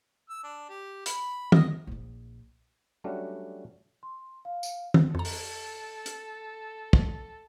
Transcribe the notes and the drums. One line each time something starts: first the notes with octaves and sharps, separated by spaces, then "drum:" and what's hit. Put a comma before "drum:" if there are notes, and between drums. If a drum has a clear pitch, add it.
E6
D4
G4
B5, drum: hi-hat
D#5, drum: tom D#3
A#1 D#4
F#3 G3 A3 C#4 D4 F#4
C6
F5
drum: tambourine
drum: tom D#3
F2 A4 A#5
drum: open hi-hat
drum: hi-hat
drum: kick